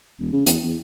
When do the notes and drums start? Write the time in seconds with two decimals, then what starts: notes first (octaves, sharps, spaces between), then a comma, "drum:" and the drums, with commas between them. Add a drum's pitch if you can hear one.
0.20 E1
0.32 C#3
0.46 E2, drum: hi-hat
0.64 E2